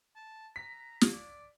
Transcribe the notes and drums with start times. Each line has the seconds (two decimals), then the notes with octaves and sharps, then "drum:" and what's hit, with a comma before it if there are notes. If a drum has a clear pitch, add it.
0.16 A5
0.56 A#5 B6
1.01 drum: snare
1.12 D5